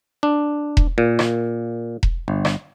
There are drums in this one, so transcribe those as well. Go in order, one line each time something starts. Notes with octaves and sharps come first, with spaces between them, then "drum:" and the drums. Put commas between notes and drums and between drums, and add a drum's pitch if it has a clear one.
D4
drum: kick E1
A#2
drum: rim click
drum: kick E1
G1
drum: rim click